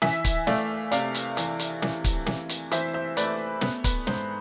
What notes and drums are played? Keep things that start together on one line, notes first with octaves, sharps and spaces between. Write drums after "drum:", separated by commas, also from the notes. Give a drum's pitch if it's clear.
E3 E5 G#5, drum: snare
drum: kick, hi-hat
A3 D5 F5, drum: snare
C3 D5 F5, drum: hi-hat
drum: hi-hat
E3, drum: hi-hat
drum: hi-hat
E3, drum: snare
drum: kick, hi-hat
E3, drum: snare
drum: hi-hat
E3 C5 E5, drum: hi-hat
C5 E5
A3 B4 D5, drum: hi-hat
B3 B4, drum: snare
B4, drum: kick, hi-hat
G#2 C5, drum: snare